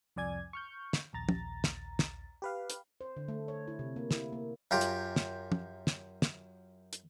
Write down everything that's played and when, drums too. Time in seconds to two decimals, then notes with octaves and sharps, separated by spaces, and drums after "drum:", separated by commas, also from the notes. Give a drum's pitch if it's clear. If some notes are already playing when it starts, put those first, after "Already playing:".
0.16 C2 F2 D5 G#5 G#6
0.53 C#6 F6 G6
0.93 drum: snare
1.13 A#1 D#2 A#5 A6
1.29 drum: tom
1.64 drum: snare
1.99 drum: snare
2.42 G4 B4 F5
2.70 drum: hi-hat
3.01 C5
3.17 D3
3.28 A3
3.48 C#5
3.68 E4
3.79 C3
3.96 A#3
4.11 E4, drum: snare
4.33 A#3
4.71 F#2 F4 G4 A#5
4.81 drum: hi-hat
5.16 drum: snare
5.52 drum: tom
5.87 drum: snare
6.22 drum: snare
6.93 drum: hi-hat